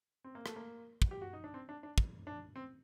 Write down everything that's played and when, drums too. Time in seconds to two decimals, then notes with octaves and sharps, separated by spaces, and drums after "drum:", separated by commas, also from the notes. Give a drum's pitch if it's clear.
0.24 C4
0.35 A#3
0.46 A3, drum: rim click
0.56 A#3
1.02 drum: kick
1.11 G4
1.21 F#4
1.33 D#4
1.44 D4
1.54 C4
1.69 D4
1.83 D4
1.98 drum: kick
2.27 D4
2.56 C4